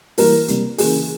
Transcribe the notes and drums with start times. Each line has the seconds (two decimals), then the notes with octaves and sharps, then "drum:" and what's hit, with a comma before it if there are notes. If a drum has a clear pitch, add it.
0.18 E3 G3 A#3 A#4, drum: open hi-hat
0.48 C3 G3 A#3, drum: hi-hat
0.78 C#3 E3 A#3 G#4, drum: open hi-hat